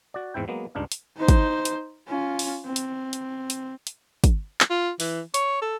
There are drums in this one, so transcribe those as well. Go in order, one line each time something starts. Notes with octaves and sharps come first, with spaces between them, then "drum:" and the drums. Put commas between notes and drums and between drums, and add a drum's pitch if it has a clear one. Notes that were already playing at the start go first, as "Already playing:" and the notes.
F#4 D5
E2 G#2 C4 E4 G5
F#3 G#3 A#3 B3
C#2 G2 D4 D#4 F5
drum: hi-hat
D#4 C5
drum: kick, hi-hat
drum: hi-hat
C#4 F4
drum: open hi-hat
C4
drum: hi-hat
drum: hi-hat
drum: hi-hat
drum: hi-hat
drum: kick, hi-hat
drum: clap
F4
E3, drum: open hi-hat
C#5, drum: hi-hat
A4